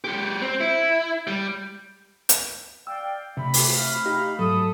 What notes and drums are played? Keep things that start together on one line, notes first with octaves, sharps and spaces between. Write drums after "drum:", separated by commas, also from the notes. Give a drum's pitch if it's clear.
G#3 G4
C4
E4
G3
drum: hi-hat
D5 F5 G5 E6
C3 A3 B5
drum: open hi-hat
F5
D#4 G4
G#2 F#3 A4 D#6